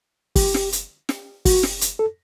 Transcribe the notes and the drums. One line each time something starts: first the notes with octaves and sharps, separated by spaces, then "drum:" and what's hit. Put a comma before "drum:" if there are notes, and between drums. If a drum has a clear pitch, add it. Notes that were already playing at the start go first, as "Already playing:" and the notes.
G4, drum: kick, open hi-hat
drum: snare
drum: hi-hat
drum: snare
F#4, drum: kick, open hi-hat
drum: snare
drum: hi-hat
A4